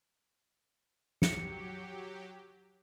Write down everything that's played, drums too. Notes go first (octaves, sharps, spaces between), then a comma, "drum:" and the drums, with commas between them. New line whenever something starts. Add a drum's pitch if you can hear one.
F#3 G4 C#7, drum: snare